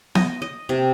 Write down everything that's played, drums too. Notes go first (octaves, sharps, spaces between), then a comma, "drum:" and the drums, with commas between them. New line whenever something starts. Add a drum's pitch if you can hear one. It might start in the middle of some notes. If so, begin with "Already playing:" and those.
D#5, drum: snare B3
D#5
C3